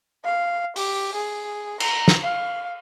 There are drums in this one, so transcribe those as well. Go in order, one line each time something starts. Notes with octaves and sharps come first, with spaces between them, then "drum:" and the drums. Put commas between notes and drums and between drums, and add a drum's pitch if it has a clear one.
F5
G4, drum: open hi-hat
G#4
A#5, drum: cymbal
drum: snare
F5